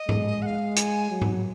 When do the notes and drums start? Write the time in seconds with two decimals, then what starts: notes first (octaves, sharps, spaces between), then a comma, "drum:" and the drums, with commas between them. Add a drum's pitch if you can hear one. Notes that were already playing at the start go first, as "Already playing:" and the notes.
Already playing: D#5
0.09 G#3, drum: tom G#2
0.42 F#5
0.46 F5
0.76 G#5, drum: hi-hat
1.11 F#3
1.22 drum: tom G#2